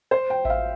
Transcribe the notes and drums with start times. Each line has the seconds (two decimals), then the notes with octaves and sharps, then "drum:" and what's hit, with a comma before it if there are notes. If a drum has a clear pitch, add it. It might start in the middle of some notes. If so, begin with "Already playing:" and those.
0.11 C5
0.30 G5
0.45 E5, drum: kick A1
0.50 F5